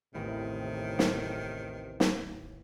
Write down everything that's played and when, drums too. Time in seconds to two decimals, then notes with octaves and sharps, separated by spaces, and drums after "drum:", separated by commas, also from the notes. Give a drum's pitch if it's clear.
0.15 A1 D#2 A2 C3 D#3 B3
0.99 drum: snare
2.00 drum: snare